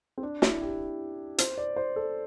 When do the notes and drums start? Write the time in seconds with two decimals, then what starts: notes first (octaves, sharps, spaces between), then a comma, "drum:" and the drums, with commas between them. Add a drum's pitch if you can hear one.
0.18 C4
0.23 D4
0.42 E4, drum: snare
0.61 G4
1.38 C5, drum: hi-hat
1.58 D5
1.76 C5
1.96 A4